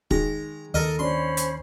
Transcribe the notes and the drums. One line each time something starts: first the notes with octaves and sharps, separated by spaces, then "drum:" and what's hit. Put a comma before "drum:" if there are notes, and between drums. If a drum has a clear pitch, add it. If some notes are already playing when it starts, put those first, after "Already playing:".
D#3 G#3 A#5, drum: kick
D#2 A4 A#4 D#5
C#4 D4 C5 B5 C6
drum: hi-hat